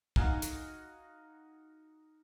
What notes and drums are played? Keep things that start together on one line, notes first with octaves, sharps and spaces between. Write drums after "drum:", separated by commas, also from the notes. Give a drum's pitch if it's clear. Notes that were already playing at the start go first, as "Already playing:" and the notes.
D#4 F#4 F5 F#5 G#5 A#5, drum: kick
drum: hi-hat